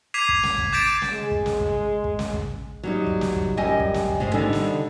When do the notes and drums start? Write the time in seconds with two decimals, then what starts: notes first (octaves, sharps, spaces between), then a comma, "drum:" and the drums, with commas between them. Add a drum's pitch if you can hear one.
0.14 D6 G#6 B6 C7 D#7 F7
0.29 drum: kick
0.43 drum: snare
0.58 drum: kick
0.73 D6 G6 A6 B6 D7 E7
1.02 drum: snare
1.13 G#3
1.31 drum: kick
1.46 drum: snare
1.60 drum: kick
2.04 drum: kick
2.19 drum: snare
2.33 drum: kick
2.83 F#3 G3 D#4
3.07 drum: kick
3.21 drum: snare
3.36 drum: kick
3.57 F#2 G3 D#5 G5 G#5
3.80 drum: kick
3.94 drum: snare
4.09 drum: kick
4.20 G#2 G#3 G#5
4.33 D3 D#3 G3 D#4 A4
4.53 drum: snare